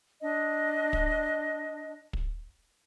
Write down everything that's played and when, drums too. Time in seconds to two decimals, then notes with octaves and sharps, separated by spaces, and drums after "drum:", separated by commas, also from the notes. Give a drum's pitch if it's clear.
0.21 D4 D#5
0.93 drum: kick
2.13 drum: kick